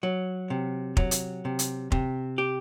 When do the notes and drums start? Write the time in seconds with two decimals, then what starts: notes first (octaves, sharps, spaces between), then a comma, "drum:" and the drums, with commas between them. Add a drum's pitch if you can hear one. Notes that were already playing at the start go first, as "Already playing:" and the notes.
0.03 F#3
0.50 C3
0.97 F#3, drum: kick F1
1.11 drum: hi-hat
1.45 C3
1.59 drum: hi-hat
1.92 C3, drum: kick F1
2.38 G4